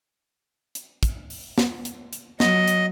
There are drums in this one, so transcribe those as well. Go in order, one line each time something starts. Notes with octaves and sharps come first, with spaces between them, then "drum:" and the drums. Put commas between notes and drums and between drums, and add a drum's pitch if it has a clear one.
drum: hi-hat
drum: kick, hi-hat
drum: open hi-hat
drum: snare
drum: hi-hat
drum: hi-hat
F#3 D#5, drum: snare
drum: hi-hat